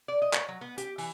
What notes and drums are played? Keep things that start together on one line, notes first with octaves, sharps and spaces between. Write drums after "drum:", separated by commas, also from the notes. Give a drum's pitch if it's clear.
D5
D#5
C#5, drum: clap
F#3
B3
G4, drum: hi-hat
E3, drum: open hi-hat